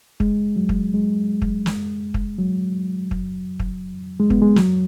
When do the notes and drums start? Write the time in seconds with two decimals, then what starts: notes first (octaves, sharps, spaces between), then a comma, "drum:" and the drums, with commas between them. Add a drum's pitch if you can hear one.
0.20 G#3, drum: kick
0.56 F#3
0.69 drum: kick
0.94 G#3
1.42 drum: kick
1.66 drum: snare
2.14 drum: kick
2.39 F#3
3.11 drum: kick
3.59 drum: kick
4.20 G#3
4.30 B3, drum: kick
4.42 G#3
4.56 F#3, drum: snare